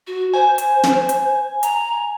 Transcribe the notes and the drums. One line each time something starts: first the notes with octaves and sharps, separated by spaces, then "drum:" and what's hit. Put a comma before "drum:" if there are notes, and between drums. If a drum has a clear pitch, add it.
F#4
C5 G#5
drum: hi-hat
drum: snare
drum: hi-hat
A#5, drum: hi-hat